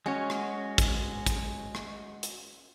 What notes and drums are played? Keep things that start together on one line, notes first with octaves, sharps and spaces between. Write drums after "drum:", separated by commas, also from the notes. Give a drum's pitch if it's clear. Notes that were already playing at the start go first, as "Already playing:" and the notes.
G#3 C#4 F#4 C#5
drum: rim click
drum: kick, hi-hat
drum: kick, hi-hat
drum: rim click
drum: hi-hat